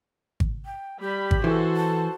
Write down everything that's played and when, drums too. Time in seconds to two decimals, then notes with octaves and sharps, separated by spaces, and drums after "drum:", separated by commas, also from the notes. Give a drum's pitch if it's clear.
0.40 drum: kick G#1
0.65 G5
1.00 G3 G4 B5
1.31 drum: kick G#1
1.44 E3 F#4 A4 C5
1.76 A5